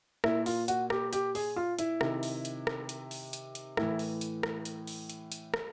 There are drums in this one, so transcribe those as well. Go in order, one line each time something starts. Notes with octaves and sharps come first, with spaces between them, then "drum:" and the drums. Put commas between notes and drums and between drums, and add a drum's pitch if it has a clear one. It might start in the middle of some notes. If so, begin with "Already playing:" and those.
A#2 E4, drum: rim click
F4, drum: open hi-hat
F#4, drum: hi-hat
G4, drum: rim click
G4, drum: hi-hat
G#4, drum: open hi-hat
F4
E4, drum: hi-hat
C3 D#3, drum: rim click
drum: open hi-hat
drum: hi-hat
drum: rim click
drum: hi-hat
drum: open hi-hat
drum: hi-hat
drum: hi-hat
A2 E3 E4, drum: rim click
drum: open hi-hat
drum: hi-hat
drum: rim click
drum: hi-hat
drum: open hi-hat
drum: hi-hat
drum: hi-hat
drum: rim click